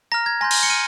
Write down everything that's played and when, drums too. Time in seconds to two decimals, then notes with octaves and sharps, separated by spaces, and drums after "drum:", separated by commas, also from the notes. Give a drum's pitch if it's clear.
0.12 A#5 F6 A#6
0.26 G#6
0.41 G#5 C6 G6 A#6
0.51 drum: cymbal
0.63 C#7
0.70 F6 D#7